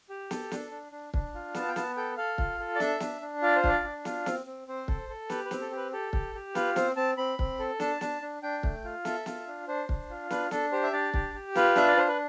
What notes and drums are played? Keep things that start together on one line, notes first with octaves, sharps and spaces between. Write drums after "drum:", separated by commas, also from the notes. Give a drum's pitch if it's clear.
G4
A4, drum: snare
D4, drum: snare
D4
D4
D4, drum: kick
F4
B3 A5, drum: snare
G5
B3 A5, drum: snare
A4 G5
A4 F5
F4, drum: kick
A4
D5
D4 E5, drum: snare
D4, drum: snare
D4
F4 D5
C5
D4 D5, drum: kick
D4
F4, drum: snare
C4, drum: snare
C4
C4 C5
A4, drum: kick
A4
G4 B4, drum: snare
B4
C4, drum: snare
A4
G4 B4
G4 A4
G4, drum: kick
G4
F4 B4, drum: snare
C4 C5, drum: snare
C4 A5
C4 B5
C4, drum: kick
A4
D4 A5, drum: snare
D4, drum: snare
D4
D4 G5
A3, drum: kick
F4
A4 E5, drum: snare
F4, drum: snare
D4
D4 C5
D4, drum: kick
F4
D4 B4, drum: snare
D4 A4, drum: snare
G4 C5
E5
D4 D5
G4, drum: kick
G4
F4 B4, drum: snare
D4 E5, drum: snare
D5
D4 C5
B4